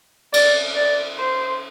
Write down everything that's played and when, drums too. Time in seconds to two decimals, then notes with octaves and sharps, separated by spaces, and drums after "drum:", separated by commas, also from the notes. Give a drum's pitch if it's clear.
0.34 D5, drum: cymbal
0.75 D5
1.19 C5